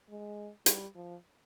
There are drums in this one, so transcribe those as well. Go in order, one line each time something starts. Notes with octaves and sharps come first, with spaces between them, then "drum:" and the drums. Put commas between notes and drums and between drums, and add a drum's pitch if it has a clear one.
G#3
G3, drum: hi-hat
F3